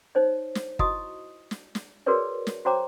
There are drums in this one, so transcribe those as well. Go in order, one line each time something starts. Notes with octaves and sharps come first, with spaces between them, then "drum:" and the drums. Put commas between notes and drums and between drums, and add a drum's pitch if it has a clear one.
D#4 C5 C#5
drum: snare
E4 F#4 D#5 C#6 D#6, drum: kick G1
drum: snare
drum: snare
F#4 G#4 A#4 B4 C#5 D5
drum: snare
F#4 C5 C#5 G5 A#5 D6